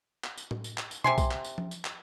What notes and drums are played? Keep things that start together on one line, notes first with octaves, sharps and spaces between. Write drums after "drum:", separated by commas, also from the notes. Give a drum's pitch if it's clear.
drum: clap
drum: tambourine
drum: tom A2
drum: tambourine
drum: clap
drum: tambourine
C3 G#5 C6, drum: tom B2
drum: kick B1, tambourine
drum: clap
drum: tambourine
drum: tom F3
drum: tambourine
drum: clap